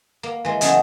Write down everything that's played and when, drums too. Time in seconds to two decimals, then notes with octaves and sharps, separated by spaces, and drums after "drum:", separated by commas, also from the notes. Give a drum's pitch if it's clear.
0.23 A#3
0.45 E3 G#3
0.61 E2 C#3 F#3 D#4 A4 A5, drum: hi-hat